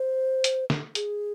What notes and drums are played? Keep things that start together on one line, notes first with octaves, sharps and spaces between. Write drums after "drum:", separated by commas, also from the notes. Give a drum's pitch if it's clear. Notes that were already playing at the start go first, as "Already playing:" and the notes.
Already playing: C5
drum: hi-hat
drum: snare
G#4, drum: hi-hat